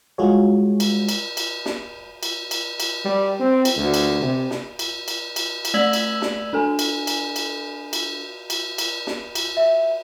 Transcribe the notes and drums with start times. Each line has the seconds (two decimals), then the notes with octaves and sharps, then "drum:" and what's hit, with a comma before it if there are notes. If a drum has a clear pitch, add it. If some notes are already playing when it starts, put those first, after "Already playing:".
0.18 G3 G#3 F4 F#4 G#4 C#5
0.80 drum: cymbal
1.09 drum: cymbal
1.37 drum: cymbal
1.66 drum: snare
2.23 drum: cymbal
2.51 drum: cymbal
2.80 drum: cymbal
3.05 G3
3.40 C4
3.65 drum: cymbal
3.77 D2
3.94 drum: cymbal
4.22 C3
4.51 drum: snare
4.79 drum: cymbal
5.08 drum: cymbal
5.36 drum: cymbal
5.65 drum: cymbal
5.74 A3 D5 E6 G#6 B6 F#7
5.93 drum: cymbal
6.22 drum: snare
6.53 D4 A4 G#5
6.79 drum: cymbal
7.07 drum: cymbal
7.36 drum: cymbal
7.93 drum: cymbal
8.50 drum: cymbal
8.78 drum: cymbal
9.07 drum: snare
9.35 drum: cymbal
9.57 E5